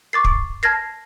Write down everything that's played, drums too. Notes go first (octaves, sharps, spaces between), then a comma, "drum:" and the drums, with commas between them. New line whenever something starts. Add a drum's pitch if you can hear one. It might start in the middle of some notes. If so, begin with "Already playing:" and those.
C#6 D6 A6 C7
drum: kick
A5 F6 G#6 A#6 C7